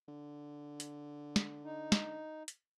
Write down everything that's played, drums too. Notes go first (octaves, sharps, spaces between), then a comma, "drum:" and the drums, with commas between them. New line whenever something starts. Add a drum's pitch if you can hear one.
D3
drum: hi-hat
drum: snare
D#4
drum: snare
drum: hi-hat